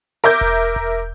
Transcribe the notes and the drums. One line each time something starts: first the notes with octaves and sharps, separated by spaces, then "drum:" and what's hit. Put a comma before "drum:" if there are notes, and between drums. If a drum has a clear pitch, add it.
A#4 E5 D6 G6
drum: kick E1
drum: kick E1